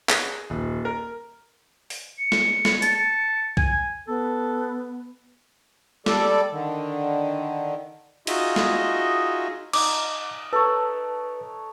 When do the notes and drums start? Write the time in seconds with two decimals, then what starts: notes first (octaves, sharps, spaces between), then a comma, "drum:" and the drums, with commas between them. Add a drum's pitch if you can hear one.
0.09 G#4, drum: clap
0.50 D#1
0.85 A#4
1.90 drum: open hi-hat
2.18 C#7
2.32 drum: snare
2.65 drum: snare
2.82 A5, drum: hi-hat
3.57 G#5, drum: kick B1
4.08 B3 A4
6.06 G3 A4 D5, drum: snare
6.52 D3 D#3
8.27 D#4 F4 F#4 G#4 D#5 E5, drum: cymbal
8.56 drum: snare
9.73 D#4 D6, drum: cymbal
10.53 A4 B4 C#5